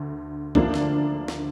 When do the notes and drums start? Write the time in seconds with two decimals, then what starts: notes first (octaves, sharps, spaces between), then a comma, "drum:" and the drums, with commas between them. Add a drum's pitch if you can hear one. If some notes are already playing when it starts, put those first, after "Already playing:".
Already playing: D2 D3
0.55 D2 D3 F3 A#3 D4, drum: kick
0.74 drum: snare
1.28 drum: snare